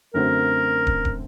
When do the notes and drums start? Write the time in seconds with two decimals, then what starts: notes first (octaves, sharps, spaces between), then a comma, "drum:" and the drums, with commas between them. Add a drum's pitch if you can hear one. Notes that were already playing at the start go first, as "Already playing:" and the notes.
0.14 F#2 D3 A3 C4 F#4 A#4
0.87 drum: kick
1.05 drum: kick